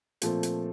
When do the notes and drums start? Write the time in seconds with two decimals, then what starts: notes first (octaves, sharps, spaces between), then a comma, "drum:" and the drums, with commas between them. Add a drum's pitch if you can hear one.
0.22 A#2 F3 A3 C4, drum: hi-hat
0.43 drum: hi-hat